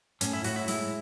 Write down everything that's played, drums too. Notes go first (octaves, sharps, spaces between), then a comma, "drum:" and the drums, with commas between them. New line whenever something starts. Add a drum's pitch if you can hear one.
A2 C#4, drum: hi-hat
E4
A2 F#4, drum: open hi-hat
E4
G#3 E4, drum: open hi-hat